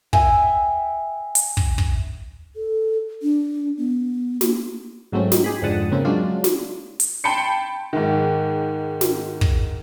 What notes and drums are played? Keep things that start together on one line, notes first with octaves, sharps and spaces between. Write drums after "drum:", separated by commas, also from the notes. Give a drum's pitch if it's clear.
E5 G5 G#5, drum: kick
drum: hi-hat
drum: kick
drum: kick
A4
D4
B3
A#3, drum: snare
G#2 F#3 A3 C4 C#4
D#4, drum: snare
G4 G#4 B5
F2 G#2 D3 F#5 A5 D#6
C#3 A#3 C4
F#3 G#3 C#4 D4 F4
drum: snare
drum: hi-hat
G5 A5 B5 C6 C#7
G#2 D#3
drum: snare
drum: kick